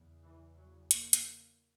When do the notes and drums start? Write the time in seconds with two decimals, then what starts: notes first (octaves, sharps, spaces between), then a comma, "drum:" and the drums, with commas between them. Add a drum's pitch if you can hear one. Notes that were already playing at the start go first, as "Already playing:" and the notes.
Already playing: E2 C#3
0.23 E3
0.56 F#3
0.91 A#3, drum: hi-hat
1.13 drum: hi-hat